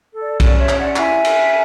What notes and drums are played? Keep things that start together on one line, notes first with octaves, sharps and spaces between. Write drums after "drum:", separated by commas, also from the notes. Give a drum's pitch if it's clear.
A4
D5
C#4 D5, drum: kick, cymbal
C#5 E5
C#4, drum: clap
D5 F#5
E4 E5 G#5, drum: clap
A4, drum: cymbal